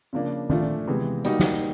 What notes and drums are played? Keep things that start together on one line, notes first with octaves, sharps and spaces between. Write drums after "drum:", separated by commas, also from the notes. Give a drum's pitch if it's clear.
C#3 F3 A#3 D4
A#2 F3 A3 D4 F4, drum: tom D#3
C3 E3 G#3 B3
G3 A#3 D#4 F#4, drum: tambourine
drum: snare